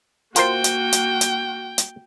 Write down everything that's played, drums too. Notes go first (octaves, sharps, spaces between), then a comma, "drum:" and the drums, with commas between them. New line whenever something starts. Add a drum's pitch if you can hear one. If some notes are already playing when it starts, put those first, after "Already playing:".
A#3 F4 F#4 A#4 C5 G5, drum: hi-hat
drum: hi-hat
drum: hi-hat
drum: hi-hat
drum: hi-hat